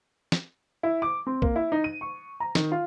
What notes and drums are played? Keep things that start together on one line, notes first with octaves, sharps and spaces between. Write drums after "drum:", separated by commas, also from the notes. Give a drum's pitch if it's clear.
drum: snare
E4
D6
C4
A#3, drum: kick
E4
D#4
D#7
C#6
A#5
D#3, drum: snare
F4